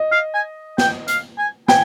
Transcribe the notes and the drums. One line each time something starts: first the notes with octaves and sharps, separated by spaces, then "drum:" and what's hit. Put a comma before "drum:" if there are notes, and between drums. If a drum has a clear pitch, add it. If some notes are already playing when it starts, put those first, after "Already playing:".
Already playing: D#5
F5
G#5
G5, drum: snare
F5, drum: hi-hat
G#5
G5 G#5, drum: snare